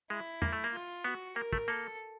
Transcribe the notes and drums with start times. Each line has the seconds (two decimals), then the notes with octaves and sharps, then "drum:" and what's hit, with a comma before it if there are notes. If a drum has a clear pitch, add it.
0.10 G#3 E4
0.42 A#3, drum: tom
0.53 A3
0.64 A#3
0.73 F4
1.04 B3 F#4
1.36 A#3 A#4
1.53 A3, drum: kick
1.68 A#3 A4